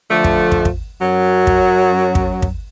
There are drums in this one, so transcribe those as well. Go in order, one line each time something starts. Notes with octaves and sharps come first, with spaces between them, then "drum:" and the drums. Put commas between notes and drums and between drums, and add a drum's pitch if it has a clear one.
D3 F3 A3
drum: kick
drum: kick
drum: kick
F#2 F#3
drum: kick
drum: kick
drum: kick